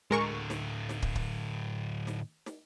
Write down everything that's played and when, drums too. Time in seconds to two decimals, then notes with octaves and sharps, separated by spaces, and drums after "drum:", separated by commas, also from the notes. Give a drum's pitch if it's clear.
0.11 A2 D3 G#3 A#4 C#6
0.50 drum: snare
0.89 drum: snare
1.02 drum: kick
1.15 drum: kick
2.07 drum: snare
2.46 drum: snare